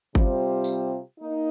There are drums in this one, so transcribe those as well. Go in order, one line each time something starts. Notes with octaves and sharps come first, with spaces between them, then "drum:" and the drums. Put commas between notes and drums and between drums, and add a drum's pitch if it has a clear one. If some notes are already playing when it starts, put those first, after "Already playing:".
C3 G3 C4 F4 C5, drum: kick G1
drum: tambourine
A#3 D#4